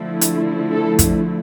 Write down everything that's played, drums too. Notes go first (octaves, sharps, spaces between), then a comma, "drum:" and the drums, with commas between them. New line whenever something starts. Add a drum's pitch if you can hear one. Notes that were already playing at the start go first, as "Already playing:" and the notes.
Already playing: D3 F3 A3 E4
drum: hi-hat
A4
drum: kick, hi-hat